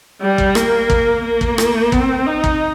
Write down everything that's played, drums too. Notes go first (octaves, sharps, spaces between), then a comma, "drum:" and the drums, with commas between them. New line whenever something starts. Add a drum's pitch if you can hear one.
G3
drum: kick
A#3, drum: rim click
drum: kick
A#3
drum: kick
drum: rim click
C4, drum: kick
D#4
drum: kick